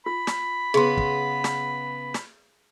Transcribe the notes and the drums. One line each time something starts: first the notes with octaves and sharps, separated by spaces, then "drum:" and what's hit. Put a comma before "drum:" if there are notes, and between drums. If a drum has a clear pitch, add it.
F4 B5
drum: snare
C#3 B3 G#4 C6
drum: kick
drum: snare
drum: snare